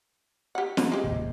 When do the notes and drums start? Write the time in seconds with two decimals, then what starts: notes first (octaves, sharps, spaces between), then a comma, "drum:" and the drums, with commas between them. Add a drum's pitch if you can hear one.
0.55 G4 F#5
0.77 drum: snare
0.92 G#3 G4
1.04 D1 D#2 C3